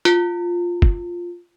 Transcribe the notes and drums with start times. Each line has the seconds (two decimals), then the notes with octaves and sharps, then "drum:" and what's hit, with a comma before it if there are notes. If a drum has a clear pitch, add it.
0.05 F4, drum: hi-hat
0.82 drum: kick